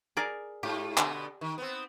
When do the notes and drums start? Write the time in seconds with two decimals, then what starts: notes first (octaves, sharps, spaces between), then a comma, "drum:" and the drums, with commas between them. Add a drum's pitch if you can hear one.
0.17 G#4 A#4 D5
0.63 G#2 F4 G4
0.98 B2 D3 B3, drum: clap
1.41 D#3
1.58 B3 C4